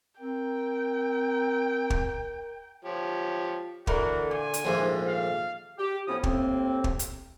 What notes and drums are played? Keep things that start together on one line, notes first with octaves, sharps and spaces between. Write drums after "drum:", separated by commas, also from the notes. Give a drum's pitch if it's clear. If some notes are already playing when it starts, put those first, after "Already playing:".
C4 A#4 G5
drum: kick
F3 G4 C#5
D3 E3 A3 F#4 A#4, drum: kick
A#2 G#5
drum: hi-hat
A#1 D#2 G#2 F3 A3 C5
F5
G4
A2 F3 B3 C#4 E4 D#6
A2 C3 A#3 C4, drum: kick
drum: kick
drum: hi-hat